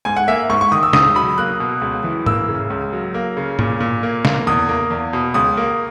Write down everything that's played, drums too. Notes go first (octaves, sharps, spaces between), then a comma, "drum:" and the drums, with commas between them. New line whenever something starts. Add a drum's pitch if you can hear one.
G#2 G#5
F#5
A#3 E5
G#2 C#6
C#6
D#3 D#6
E6
C#2 D#6, drum: snare
F#3 B5
A#3 F#6
B2
C#2
E3
A#3 E6, drum: tom G#2
C#3
C#2
F#3
A#3
C#3
A#2, drum: tom G#2
A#2
A#3
A#3, drum: snare
E2 D#6
A#3
E2
B2
C#2 D#6
A#3